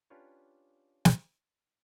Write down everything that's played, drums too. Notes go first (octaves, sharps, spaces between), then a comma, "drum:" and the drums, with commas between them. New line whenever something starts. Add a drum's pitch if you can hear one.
C#4 D4 F4 G4 B4 C#5
drum: snare